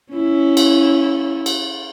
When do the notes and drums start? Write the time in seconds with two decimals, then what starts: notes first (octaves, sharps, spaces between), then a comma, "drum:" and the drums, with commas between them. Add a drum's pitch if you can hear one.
0.12 C#4 E4
0.57 drum: cymbal
1.46 drum: cymbal